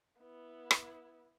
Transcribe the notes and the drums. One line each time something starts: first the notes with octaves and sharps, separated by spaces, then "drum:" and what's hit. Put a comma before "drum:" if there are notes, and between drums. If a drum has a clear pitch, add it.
B3 E4
drum: rim click